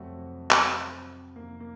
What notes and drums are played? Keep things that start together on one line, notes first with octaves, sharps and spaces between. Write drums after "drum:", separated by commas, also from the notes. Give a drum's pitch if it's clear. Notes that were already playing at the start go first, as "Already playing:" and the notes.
Already playing: F2 C3 F#3 A3 C4 F#4
drum: clap
F2 C3 D#3 A#3
A#3